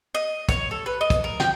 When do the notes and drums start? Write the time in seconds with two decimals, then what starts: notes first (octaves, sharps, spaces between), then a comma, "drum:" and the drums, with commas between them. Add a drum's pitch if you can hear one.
0.15 D#5
0.49 C#5, drum: kick, hi-hat
0.71 A4
0.86 B4
1.01 D#5
1.10 drum: kick, hi-hat
1.24 A#4
1.40 G5, drum: snare